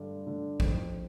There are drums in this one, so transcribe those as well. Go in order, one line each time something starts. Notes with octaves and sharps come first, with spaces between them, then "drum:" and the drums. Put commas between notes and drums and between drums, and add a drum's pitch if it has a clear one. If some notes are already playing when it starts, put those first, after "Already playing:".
Already playing: G2 D3
D3
F2, drum: kick A1